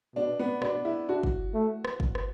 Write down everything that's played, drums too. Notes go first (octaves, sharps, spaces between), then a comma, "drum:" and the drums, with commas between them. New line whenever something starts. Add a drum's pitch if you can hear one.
B2 D4
B3
B2 D4, drum: rim click
E4
D4 F#4
drum: kick
A3
drum: rim click
drum: kick
drum: rim click